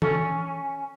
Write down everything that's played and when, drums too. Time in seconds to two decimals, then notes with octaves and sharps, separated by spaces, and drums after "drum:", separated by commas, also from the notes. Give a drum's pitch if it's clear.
0.02 C#4 A4, drum: tom E3